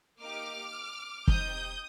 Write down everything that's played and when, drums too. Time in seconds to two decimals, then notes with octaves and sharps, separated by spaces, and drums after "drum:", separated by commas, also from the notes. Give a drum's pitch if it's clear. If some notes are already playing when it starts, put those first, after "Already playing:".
0.21 A#3 D#4 G4 D6 F6
1.28 C4 D#4 G4 D#6 G6, drum: kick